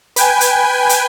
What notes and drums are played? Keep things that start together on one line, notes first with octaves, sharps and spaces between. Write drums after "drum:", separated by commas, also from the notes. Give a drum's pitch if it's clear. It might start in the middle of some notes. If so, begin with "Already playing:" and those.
B4 G5 G#5, drum: hi-hat
drum: hi-hat
drum: hi-hat